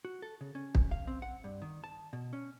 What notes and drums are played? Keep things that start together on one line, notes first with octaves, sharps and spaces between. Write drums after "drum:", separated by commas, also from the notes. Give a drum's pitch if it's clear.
F#4
A4
C#3
C#4
drum: kick
F5
C4
F#5
G2
D#3
A5
B2
C#4